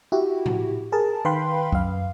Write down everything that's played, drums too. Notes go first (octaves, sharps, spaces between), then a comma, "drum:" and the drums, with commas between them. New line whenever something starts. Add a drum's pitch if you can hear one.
E4 F#4 G4
drum: tom A2
G#4 A#4 A5
D#3 B4 F5 G5 B5 C6
F#2 F5, drum: kick